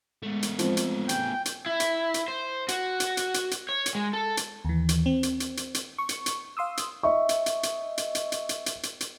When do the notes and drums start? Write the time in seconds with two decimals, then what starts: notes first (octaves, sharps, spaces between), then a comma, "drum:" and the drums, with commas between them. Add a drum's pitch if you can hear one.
0.23 G#3 A3 B3
0.43 drum: hi-hat
0.59 F3 C4, drum: hi-hat
0.77 drum: hi-hat
1.09 G5 G#5, drum: hi-hat
1.45 drum: hi-hat
1.66 E4
1.80 drum: hi-hat
2.14 drum: hi-hat
2.28 C5
2.68 F#4, drum: hi-hat
3.00 drum: hi-hat
3.17 drum: hi-hat
3.34 drum: hi-hat
3.51 drum: hi-hat
3.69 C#5
3.86 drum: hi-hat
3.95 G#3
4.13 A4
4.37 drum: hi-hat
4.65 D#2 E3
4.89 drum: hi-hat
5.06 C4
5.23 drum: hi-hat
5.40 drum: hi-hat
5.57 drum: hi-hat
5.74 drum: hi-hat
5.98 C#6
6.09 drum: hi-hat
6.26 drum: hi-hat
6.57 F5 C6 D#6 E6
6.77 drum: hi-hat
7.03 D#5 E5 C#6
7.29 drum: hi-hat
7.46 drum: hi-hat
7.63 drum: hi-hat
7.98 drum: hi-hat
8.15 drum: hi-hat
8.32 drum: hi-hat
8.49 drum: hi-hat
8.66 drum: hi-hat
8.83 drum: hi-hat
9.00 drum: hi-hat